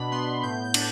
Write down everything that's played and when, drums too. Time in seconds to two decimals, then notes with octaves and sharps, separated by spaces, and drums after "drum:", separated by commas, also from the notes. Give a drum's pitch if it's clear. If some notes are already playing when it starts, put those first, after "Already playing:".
Already playing: B2 D4 B5
0.12 B3 C6
0.43 A2 G6
0.64 G6
0.74 D4, drum: cymbal